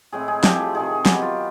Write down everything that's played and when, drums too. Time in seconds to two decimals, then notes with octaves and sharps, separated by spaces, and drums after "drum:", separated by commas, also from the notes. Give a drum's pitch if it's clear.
0.12 A2 E3 G#3 C4 G#4
0.28 G#4
0.44 A2 F3 A3 C4 G4, drum: snare
0.59 G#4
0.75 C3 D#3 G#3 G#4
1.06 D#3 F#3 B3 G4, drum: snare
1.22 F4